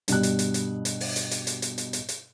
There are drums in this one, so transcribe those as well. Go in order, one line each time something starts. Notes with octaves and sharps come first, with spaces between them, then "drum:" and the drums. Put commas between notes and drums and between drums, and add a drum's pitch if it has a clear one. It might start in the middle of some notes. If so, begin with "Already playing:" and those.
G2 B2 G3 F#6, drum: hi-hat
drum: hi-hat
drum: hi-hat
drum: hi-hat
drum: hi-hat
drum: open hi-hat
drum: hi-hat
drum: hi-hat
drum: hi-hat
drum: hi-hat
drum: hi-hat
drum: hi-hat
drum: hi-hat